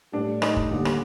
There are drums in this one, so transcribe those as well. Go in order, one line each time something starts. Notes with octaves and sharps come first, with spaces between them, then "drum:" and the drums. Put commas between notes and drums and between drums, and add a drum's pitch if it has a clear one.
A2 G3 D4
D#4, drum: rim click
drum: kick
D#2 D3 G3
drum: rim click